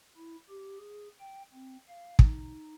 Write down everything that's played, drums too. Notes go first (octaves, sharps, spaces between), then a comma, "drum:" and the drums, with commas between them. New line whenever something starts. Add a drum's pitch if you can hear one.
E4
G4
G#4
G5
C4
F5
D#4, drum: kick